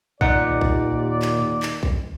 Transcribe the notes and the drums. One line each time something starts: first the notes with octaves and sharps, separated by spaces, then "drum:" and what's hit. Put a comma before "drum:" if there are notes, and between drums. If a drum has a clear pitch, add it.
D#2 A#2 D#4 D5 F#5, drum: kick A#1
drum: kick A#1
drum: clap
drum: clap
drum: kick A#1